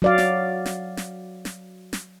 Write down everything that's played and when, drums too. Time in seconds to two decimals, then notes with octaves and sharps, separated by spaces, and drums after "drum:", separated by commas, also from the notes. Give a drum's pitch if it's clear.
0.02 F#3 D5 F5
0.18 drum: snare
0.66 drum: snare
0.97 drum: snare
1.45 drum: snare
1.93 drum: snare